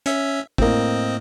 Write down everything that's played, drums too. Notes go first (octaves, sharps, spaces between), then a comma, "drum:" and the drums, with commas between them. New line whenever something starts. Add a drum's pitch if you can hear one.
C#4 E5, drum: hi-hat
A2 A#3 C4 D#5, drum: kick